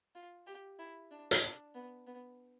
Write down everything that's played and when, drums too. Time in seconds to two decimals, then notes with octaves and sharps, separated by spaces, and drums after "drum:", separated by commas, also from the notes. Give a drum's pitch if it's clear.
0.15 F4
0.47 G4
0.79 E4
1.11 D4
1.31 drum: hi-hat
1.43 D4
1.75 B3
2.07 B3